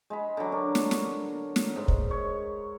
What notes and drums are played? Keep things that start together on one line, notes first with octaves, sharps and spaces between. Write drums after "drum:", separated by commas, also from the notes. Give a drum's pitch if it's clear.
G#3 B5
D3 F#3
D4 A#4
drum: snare
drum: snare
drum: snare
G#2
drum: kick
C#5